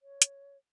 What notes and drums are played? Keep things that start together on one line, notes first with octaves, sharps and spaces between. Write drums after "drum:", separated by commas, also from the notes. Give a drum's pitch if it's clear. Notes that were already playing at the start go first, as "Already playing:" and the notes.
C#5
drum: hi-hat